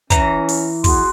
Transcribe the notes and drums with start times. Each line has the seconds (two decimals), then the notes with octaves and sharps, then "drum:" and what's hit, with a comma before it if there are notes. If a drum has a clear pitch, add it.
0.10 E3 C#4 A#5, drum: kick, hi-hat
0.49 drum: open hi-hat
0.84 B3 F#4 G#4 C6, drum: kick, open hi-hat